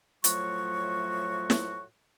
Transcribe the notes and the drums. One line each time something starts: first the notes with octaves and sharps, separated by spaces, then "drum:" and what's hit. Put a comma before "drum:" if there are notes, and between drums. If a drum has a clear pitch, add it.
A2 F3 F#3 A3 F#4 C#6, drum: hi-hat
drum: snare